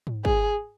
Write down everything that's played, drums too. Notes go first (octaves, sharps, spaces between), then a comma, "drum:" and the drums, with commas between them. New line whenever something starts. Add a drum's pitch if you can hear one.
drum: tom G#2
G#4, drum: kick